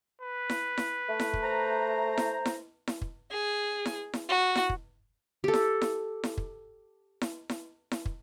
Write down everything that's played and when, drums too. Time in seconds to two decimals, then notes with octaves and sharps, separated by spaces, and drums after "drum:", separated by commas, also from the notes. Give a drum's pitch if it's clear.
0.22 B4
0.50 drum: snare E4
0.78 drum: snare E4
1.09 A3
1.20 drum: snare E4
1.34 drum: kick
1.43 C5 A#5
2.18 drum: snare E4
2.46 drum: snare E4
2.88 drum: snare E4
3.02 drum: kick
3.31 G#4
3.86 drum: snare E4
4.14 drum: snare E4
4.29 F#4
4.56 drum: snare E4
4.70 drum: kick
5.44 G4 A4
5.54 drum: snare E4
5.82 drum: snare E4
6.24 drum: snare E4
6.38 drum: kick
7.21 drum: snare E4
7.49 drum: snare E4
7.91 drum: snare E4
8.05 drum: kick